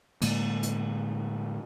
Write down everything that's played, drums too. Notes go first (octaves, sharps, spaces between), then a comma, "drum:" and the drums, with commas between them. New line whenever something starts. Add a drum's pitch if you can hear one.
A2 D3 G#3 A#3, drum: cymbal
drum: hi-hat